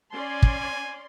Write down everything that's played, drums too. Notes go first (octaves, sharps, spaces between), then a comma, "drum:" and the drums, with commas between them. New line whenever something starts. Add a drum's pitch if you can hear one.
C#4 D5 G#5 C6
drum: kick